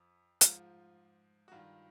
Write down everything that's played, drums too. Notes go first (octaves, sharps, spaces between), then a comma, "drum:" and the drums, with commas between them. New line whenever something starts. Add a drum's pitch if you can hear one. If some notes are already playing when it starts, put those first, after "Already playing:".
Already playing: F2 F3
G#2 F3 F4, drum: hi-hat
F#4
G2 D#3 F4